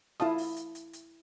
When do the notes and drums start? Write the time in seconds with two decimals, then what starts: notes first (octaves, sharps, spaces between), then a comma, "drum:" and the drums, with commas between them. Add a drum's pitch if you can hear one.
0.20 E4 F5 A5 D#6, drum: snare F4
0.38 drum: open hi-hat
0.57 drum: hi-hat
0.75 drum: hi-hat
0.93 drum: hi-hat